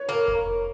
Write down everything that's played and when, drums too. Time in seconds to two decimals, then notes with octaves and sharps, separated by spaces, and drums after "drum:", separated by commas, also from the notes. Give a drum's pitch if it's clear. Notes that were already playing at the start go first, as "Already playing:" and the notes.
Already playing: B4 C#5
0.08 A#3 A#4
0.28 drum: kick F1